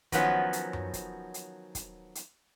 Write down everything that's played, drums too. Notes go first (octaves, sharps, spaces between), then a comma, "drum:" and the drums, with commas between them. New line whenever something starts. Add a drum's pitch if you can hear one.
D#3 F3 F#3 B3 C#4, drum: kick, hi-hat
drum: hi-hat
drum: tom F#2
drum: kick, hi-hat
drum: hi-hat
drum: kick, hi-hat
drum: hi-hat